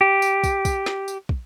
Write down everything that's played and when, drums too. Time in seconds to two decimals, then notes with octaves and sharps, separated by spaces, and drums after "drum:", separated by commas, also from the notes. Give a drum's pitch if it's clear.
0.01 G4
0.22 drum: tambourine
0.44 drum: kick, tambourine
0.65 drum: kick, tambourine
0.86 drum: snare
1.08 drum: tambourine
1.29 drum: kick